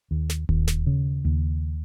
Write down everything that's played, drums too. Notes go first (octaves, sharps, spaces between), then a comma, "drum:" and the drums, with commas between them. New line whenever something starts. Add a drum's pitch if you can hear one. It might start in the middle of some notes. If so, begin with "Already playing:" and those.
D#2
drum: snare
D#2, drum: kick D1
drum: snare
C#3
D#2